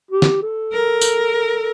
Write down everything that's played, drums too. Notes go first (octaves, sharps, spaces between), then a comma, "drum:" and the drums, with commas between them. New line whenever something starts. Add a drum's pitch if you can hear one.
G4
drum: snare
A4
A#4
drum: tambourine
A4